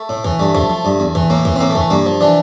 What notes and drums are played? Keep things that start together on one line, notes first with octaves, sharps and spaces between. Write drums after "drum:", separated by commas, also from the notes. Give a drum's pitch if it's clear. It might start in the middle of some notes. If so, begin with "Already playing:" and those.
Already playing: A3
A2
E3, drum: kick
G2 A3
F3 A3, drum: kick
F3
G2
E2
E3, drum: kick
A2 A#3
E3, drum: kick
C4
A2 A#3
A3
E3, drum: kick
A3
G2 A#3
F3
E3 D4